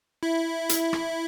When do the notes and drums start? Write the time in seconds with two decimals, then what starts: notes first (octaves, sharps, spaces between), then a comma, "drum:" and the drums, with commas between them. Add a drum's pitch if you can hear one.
0.23 E4
0.69 drum: hi-hat
0.93 drum: rim click